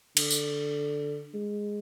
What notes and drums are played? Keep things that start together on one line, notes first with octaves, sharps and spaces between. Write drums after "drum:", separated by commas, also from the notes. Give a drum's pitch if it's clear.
D3, drum: cymbal
drum: tambourine
G#3